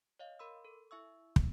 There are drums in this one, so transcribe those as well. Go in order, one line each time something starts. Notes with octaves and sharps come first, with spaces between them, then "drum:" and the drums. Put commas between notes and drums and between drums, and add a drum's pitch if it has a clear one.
C#5 D#5 F5
A#4 B5 C6 E6
A4
E4 E5 C#6 E6
drum: kick